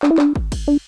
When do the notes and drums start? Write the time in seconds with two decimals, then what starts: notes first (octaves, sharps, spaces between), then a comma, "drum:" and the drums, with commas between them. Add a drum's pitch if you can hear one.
0.03 D4, drum: clap
0.11 E4
0.18 D4, drum: clap
0.35 drum: kick
0.52 drum: kick, cymbal
0.68 D4